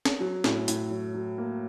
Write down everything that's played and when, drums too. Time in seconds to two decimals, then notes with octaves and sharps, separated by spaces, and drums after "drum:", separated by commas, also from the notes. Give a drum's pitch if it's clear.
0.05 drum: snare
0.20 F#3
0.44 A2, drum: snare
0.68 A2, drum: hi-hat
0.91 F#3
1.14 F#3
1.38 A#3